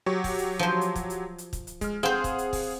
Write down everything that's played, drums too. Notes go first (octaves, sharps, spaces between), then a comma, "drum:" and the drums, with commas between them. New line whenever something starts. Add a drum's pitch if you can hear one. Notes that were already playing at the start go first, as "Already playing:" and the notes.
F#3 G4 C#6
drum: kick, open hi-hat
drum: hi-hat
F3 C5
drum: hi-hat
drum: kick, hi-hat
drum: hi-hat
drum: hi-hat
drum: kick, hi-hat
drum: hi-hat
G#3 F6, drum: kick, hi-hat
C4 G#4 C5 F5 F#5
drum: kick, hi-hat
drum: hi-hat
drum: kick, open hi-hat